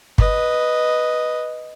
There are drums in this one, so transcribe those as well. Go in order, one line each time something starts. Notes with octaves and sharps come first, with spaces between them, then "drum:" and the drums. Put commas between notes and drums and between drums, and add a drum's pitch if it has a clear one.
B4 D#5, drum: kick